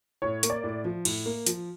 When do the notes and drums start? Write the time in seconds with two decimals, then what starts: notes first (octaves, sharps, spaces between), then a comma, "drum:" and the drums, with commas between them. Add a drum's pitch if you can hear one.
0.22 A2 C#5
0.43 A#3, drum: hi-hat
0.50 D5
0.64 A2
0.85 F3
1.05 A2, drum: cymbal
1.26 A#3
1.46 F3, drum: hi-hat